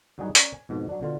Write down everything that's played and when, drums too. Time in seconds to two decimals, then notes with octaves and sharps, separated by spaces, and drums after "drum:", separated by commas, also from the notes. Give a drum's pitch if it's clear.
0.18 G2 F#3 G3 D#4 G#4 F#5
0.35 C#4 C#5 D5 G5 A#5, drum: hi-hat
0.54 G#5
0.69 F2 G#2 B2 F3
0.89 F#3 D4
1.01 B2 D3 F4